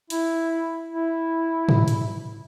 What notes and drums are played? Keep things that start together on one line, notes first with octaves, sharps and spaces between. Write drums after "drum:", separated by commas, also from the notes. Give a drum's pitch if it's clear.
E4, drum: hi-hat
E4
drum: tom G#2
drum: hi-hat